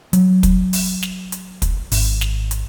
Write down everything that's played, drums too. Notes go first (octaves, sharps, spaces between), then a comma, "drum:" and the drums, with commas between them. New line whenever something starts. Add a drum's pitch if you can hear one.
F#3, drum: hi-hat
drum: kick, hi-hat
drum: open hi-hat
drum: snare
drum: hi-hat
drum: kick, hi-hat
G#1, drum: open hi-hat
drum: snare
drum: hi-hat